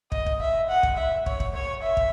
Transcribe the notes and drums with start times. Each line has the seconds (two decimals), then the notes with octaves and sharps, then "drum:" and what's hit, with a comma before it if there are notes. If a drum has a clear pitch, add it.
0.12 D#5, drum: kick
0.26 drum: kick
0.41 E5
0.69 F#5
0.83 drum: kick
0.97 E5
1.26 C#5, drum: kick
1.40 drum: kick
1.54 C#5
1.82 E5
1.97 drum: kick